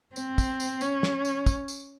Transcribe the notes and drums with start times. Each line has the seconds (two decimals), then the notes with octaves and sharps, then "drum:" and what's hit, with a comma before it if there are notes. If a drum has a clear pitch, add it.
0.16 C4, drum: tambourine
0.38 drum: kick, tambourine
0.60 drum: tambourine
0.81 C#4, drum: tambourine
1.03 drum: snare
1.25 drum: tambourine
1.46 drum: kick, tambourine
1.68 drum: tambourine